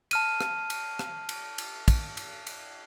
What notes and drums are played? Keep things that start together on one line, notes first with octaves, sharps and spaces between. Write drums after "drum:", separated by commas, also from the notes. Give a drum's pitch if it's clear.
A5 F6 D#7, drum: cymbal
drum: rim click
drum: cymbal
drum: rim click
drum: cymbal
drum: cymbal
drum: kick, cymbal
drum: cymbal
drum: cymbal